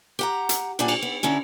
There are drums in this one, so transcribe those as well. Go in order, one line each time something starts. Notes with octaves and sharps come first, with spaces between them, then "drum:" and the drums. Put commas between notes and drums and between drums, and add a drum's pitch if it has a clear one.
G4 F#5 A#5
drum: hi-hat
D2 A#2 G3 D4 F#5 G#5
drum: cymbal
B3
D3 C#4 D#4 E4